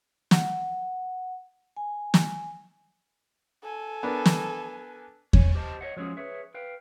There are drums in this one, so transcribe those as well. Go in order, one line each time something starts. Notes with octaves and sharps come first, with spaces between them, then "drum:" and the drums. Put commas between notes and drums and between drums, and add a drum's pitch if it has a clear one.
F#5, drum: snare
G#5
drum: snare
A4 G#5
B3 D4 A#4
drum: snare
C#5 G#5, drum: kick E2
G4 C5 D#5 A5
C#5 D#5 F#5
F3 F#3 G#3 C#4 G#4
G#4 B4 C#5 E5
B4 F5 G5